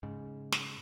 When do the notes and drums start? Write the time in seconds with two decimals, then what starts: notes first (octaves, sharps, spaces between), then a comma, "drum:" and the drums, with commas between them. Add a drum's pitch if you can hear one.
0.03 G#2 C#3
0.52 drum: snare